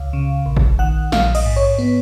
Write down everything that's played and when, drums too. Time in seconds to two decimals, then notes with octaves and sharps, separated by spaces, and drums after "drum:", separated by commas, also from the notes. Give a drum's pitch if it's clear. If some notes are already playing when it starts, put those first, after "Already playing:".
Already playing: C#2 F5
0.13 C#3
0.46 A#1
0.57 drum: kick F#1
0.79 D#3 F#5
1.12 A#1 F5, drum: snare
1.35 D#5, drum: cymbal
1.46 G#2
1.56 C#5
1.78 B3